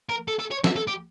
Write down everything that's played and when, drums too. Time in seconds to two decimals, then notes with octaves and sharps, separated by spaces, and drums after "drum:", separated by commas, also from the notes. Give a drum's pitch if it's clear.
0.09 A#4
0.28 A4
0.39 A4
0.51 C#5
0.64 E5, drum: snare
0.76 A4
0.87 G4